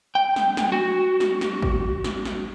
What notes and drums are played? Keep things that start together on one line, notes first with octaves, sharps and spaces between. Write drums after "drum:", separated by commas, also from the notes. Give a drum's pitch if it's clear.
G5
drum: snare
drum: snare
F#4
drum: snare
drum: snare
drum: kick G#1
drum: snare
drum: snare